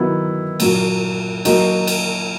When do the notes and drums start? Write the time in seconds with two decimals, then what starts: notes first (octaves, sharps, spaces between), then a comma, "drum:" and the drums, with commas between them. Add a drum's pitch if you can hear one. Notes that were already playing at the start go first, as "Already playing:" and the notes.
Already playing: D#3 F#3 B3 E4
0.60 A#2 F#3 A#3, drum: cymbal
1.45 F#3 A#3 D#4 F#4 A#4, drum: cymbal
1.87 drum: cymbal